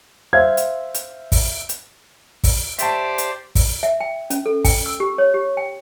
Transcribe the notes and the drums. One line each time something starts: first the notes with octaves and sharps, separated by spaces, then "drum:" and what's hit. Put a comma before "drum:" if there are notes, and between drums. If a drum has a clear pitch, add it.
C5 E5 F5 G#6
drum: hi-hat
drum: hi-hat
drum: kick, open hi-hat
drum: hi-hat
drum: kick, open hi-hat
G4 C5 D5 E5 G5 A5, drum: hi-hat
drum: hi-hat
drum: kick, open hi-hat
E5
G5
C#4, drum: hi-hat
A4
G5, drum: kick, open hi-hat
E6
G4
C#5
G4
G5